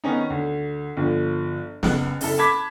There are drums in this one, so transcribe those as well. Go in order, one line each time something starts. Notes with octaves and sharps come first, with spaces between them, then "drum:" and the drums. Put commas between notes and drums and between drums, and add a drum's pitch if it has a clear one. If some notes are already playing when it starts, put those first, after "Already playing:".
D#3 B3 C#4 D#4
D2
G1 F3
F#1 B3 F#6, drum: snare
F#1 E4 A4, drum: open hi-hat
A5 B5 D6 G#6 B6